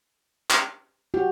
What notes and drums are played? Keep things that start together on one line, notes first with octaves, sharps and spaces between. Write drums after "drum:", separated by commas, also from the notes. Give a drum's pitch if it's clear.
drum: clap
F#4 G4